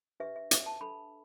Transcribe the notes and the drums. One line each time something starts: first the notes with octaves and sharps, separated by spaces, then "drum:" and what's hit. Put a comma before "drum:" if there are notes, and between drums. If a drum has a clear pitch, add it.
D4 G4 B4 E5
E5
E5, drum: hi-hat
A5
D4 A4 B5